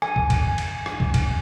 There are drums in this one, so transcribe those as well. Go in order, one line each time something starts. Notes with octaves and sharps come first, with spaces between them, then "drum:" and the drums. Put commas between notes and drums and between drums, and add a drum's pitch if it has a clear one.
G#5, drum: rim click
drum: kick
drum: kick, cymbal
drum: cymbal
drum: rim click
drum: kick
drum: kick, cymbal